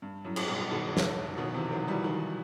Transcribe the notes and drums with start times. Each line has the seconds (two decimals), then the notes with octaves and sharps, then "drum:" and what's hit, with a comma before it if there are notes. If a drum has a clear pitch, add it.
0.02 G2
0.25 F#2 A2
0.36 drum: cymbal
0.47 G2 B2
0.70 B2 D#3
0.97 drum: snare
1.37 B2 D#3
1.54 C3 E3
1.71 D#3 F#3
1.87 E3 G3
2.04 D#3 F#3